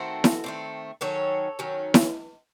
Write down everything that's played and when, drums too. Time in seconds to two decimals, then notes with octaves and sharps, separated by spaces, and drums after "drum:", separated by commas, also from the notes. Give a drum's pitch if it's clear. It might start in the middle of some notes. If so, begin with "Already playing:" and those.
Already playing: D#3 A3 C4 F#4 A4
0.24 drum: snare E4
0.44 D#3 A3 C4
1.01 D#3 F#3 C#4 A4 C#5
1.59 D#3 F#3 C#4
1.94 drum: snare E4